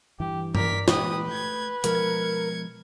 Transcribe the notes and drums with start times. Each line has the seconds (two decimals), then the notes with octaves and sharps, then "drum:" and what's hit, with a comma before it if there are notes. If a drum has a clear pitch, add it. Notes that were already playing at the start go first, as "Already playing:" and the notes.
0.20 G2 E3 G4
0.55 A#4 D5 B6, drum: tom G2
0.88 A#2 E3 G#3 G4 B4 D#6, drum: snare
1.28 A3 G6 G#6
1.84 B2 F3 G#3 A#4 G#6 C#7, drum: hi-hat